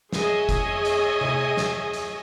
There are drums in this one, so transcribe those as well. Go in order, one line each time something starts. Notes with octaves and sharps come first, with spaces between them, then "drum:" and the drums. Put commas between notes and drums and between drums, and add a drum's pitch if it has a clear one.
G#4 C#5 D#5 E5 G#5, drum: snare
drum: kick, hi-hat
drum: hi-hat
drum: tom C3
drum: snare
drum: hi-hat